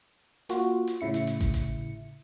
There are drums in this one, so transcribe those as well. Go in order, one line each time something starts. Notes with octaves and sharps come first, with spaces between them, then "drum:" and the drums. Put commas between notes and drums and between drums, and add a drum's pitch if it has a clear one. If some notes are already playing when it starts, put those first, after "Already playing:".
A#3 F4 F#4, drum: hi-hat
drum: hi-hat
A2 C#3 E4 C#7
drum: hi-hat
drum: hi-hat
drum: kick G#1, hi-hat
drum: hi-hat